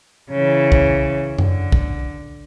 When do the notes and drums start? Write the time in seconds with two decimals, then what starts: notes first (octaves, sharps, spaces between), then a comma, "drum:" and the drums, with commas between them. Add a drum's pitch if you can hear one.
0.31 C#3 E3
0.72 drum: kick
1.39 D3, drum: tom F#2
1.72 drum: kick